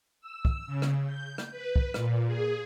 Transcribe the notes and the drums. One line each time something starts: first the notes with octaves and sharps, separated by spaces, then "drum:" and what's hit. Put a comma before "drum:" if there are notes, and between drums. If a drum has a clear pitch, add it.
E6
drum: kick
C#3
drum: rim click
G6
drum: rim click
B4
drum: kick
A#2, drum: rim click
G#4